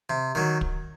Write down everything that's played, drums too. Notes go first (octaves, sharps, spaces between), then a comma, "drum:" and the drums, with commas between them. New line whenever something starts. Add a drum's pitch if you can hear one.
C3
D#3 F#3
drum: kick